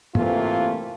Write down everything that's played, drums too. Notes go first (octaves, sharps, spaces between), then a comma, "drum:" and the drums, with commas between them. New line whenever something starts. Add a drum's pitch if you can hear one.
C3 E3 A3 A#3 C4 F4, drum: tom